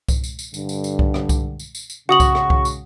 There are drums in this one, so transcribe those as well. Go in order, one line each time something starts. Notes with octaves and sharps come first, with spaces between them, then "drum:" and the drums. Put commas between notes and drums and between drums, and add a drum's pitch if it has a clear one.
drum: kick C2, tambourine
drum: tambourine
drum: tambourine
G2 D3, drum: tambourine
drum: tambourine
drum: tambourine
drum: kick C2
drum: rim click
drum: kick C2, tambourine
drum: tambourine
drum: tambourine
drum: tambourine
C#3 F#4 F#5 C#6 D#6 F#7
drum: kick C2, tambourine
drum: rim click
drum: kick C2
drum: tambourine